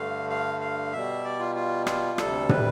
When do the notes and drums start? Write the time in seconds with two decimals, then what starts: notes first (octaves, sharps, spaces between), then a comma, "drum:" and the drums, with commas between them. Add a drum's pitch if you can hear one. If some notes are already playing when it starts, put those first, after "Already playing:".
Already playing: G2 D3 A3 F5
0.30 F5
0.61 F5
0.93 B2 G3 E5
1.24 D5
1.39 F4
1.55 F4
1.87 F4, drum: rim click
2.18 D2 C3 G3 A4, drum: rim click
2.49 B4, drum: tom